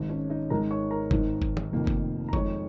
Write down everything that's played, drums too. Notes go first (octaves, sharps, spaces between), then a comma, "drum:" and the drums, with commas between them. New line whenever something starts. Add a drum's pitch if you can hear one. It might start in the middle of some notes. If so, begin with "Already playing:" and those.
Already playing: G#1 G#2 G#3
C#4 C#5
D#4 D#5
G#1 G#2 D#3 G#3 A#4 A#5
C#5 C#6
A#4 A#5
G#1 G#2 D#3, drum: kick F#1
drum: kick F#1
drum: tom
F1 F2 D#3 A#3
drum: kick F#1
A#5
F2 D#3 G#3 C#5 C#6, drum: kick F#1